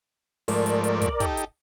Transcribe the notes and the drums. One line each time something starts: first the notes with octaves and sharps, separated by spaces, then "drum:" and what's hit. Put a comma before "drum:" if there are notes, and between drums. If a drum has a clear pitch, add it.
G#2 F3 A3 A#4 D5, drum: open hi-hat
drum: hi-hat
drum: hi-hat
drum: kick, hi-hat
D#4 G4 A4, drum: kick, hi-hat
drum: hi-hat